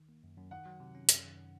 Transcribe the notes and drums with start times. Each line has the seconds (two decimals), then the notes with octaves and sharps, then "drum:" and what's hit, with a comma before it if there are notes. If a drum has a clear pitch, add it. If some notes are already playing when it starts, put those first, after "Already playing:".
Already playing: D#3
0.09 A#3
0.23 F#2
0.37 F#2
0.51 D#3 F#5
0.66 F#3
0.80 C3
0.95 C#4
1.09 F#2, drum: hi-hat
1.24 D#3